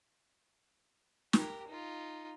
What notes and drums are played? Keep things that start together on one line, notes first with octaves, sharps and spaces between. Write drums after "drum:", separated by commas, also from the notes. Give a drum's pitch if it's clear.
G4 A#4, drum: snare
D#4 F4